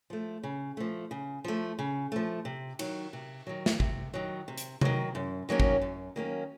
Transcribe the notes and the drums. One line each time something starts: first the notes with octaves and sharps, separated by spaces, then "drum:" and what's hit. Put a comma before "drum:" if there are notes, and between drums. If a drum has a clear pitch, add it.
F3 A3
C#3
F3 A3
C#3
F3 A3
C#3
F3 A3
C3
D#3 F#3, drum: cymbal
C3
D#3 F#3
drum: snare
C3, drum: kick
D#3 F#3
C3
drum: hi-hat
D#3 F#3, drum: tom C3
F#2
D#3 F#3 A#3 C#4
drum: kick
F#2
D#3 F#3 A#3 C#4